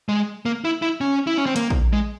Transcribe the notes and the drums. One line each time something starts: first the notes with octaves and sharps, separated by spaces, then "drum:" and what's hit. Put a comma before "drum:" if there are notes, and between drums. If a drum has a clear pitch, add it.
G#3
A#3
E4
E4
C#4
E4
C#4
C4
A#3, drum: hi-hat
drum: kick
G#3